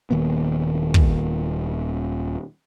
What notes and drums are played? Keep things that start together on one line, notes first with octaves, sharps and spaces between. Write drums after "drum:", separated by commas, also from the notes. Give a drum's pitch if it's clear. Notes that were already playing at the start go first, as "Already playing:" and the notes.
D#1 D#3 A#3 B3
drum: kick